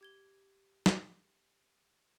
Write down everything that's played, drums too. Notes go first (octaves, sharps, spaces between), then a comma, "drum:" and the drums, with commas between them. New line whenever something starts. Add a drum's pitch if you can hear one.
G4 G#6 G7
drum: snare